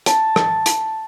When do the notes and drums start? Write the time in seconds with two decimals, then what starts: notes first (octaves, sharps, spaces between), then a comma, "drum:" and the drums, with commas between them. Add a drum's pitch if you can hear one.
0.06 A5, drum: hi-hat
0.36 drum: rim click
0.66 drum: hi-hat